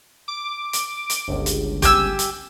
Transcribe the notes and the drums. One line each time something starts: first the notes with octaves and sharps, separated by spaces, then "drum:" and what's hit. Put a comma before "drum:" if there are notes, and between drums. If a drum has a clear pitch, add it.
D6
drum: hi-hat
drum: hi-hat
G1 C#2
drum: hi-hat
G4 G#5 E6, drum: kick F#1, hi-hat
drum: hi-hat